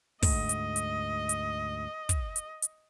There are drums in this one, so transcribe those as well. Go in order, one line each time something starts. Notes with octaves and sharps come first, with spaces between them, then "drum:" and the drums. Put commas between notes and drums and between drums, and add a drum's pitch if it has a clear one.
D2 G#2 A3 D#5, drum: kick, open hi-hat
drum: hi-hat
drum: hi-hat
drum: hi-hat
drum: kick, hi-hat
drum: hi-hat
drum: hi-hat